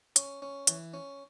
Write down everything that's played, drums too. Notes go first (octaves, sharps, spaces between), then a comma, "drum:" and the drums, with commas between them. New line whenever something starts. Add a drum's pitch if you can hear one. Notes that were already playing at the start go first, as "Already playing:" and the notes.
C#4, drum: hi-hat
C#4
E3, drum: hi-hat
C#4